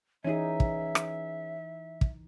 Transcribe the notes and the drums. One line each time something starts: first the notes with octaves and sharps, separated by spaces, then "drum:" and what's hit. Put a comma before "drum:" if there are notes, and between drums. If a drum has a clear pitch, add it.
E3 C#4 D#4 G#4 E5
drum: kick
drum: rim click
drum: kick